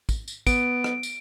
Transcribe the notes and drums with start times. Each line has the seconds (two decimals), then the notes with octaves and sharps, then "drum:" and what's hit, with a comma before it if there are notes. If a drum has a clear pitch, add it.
0.09 drum: kick, tambourine
0.28 drum: tambourine
0.47 B3 D7, drum: kick, tambourine
0.84 drum: rim click
1.03 drum: tambourine